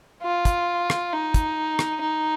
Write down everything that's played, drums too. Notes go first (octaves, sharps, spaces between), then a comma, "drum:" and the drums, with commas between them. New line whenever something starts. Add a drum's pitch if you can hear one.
F4
drum: kick, hi-hat
drum: rim click
D#4
drum: kick, hi-hat
drum: rim click
D#4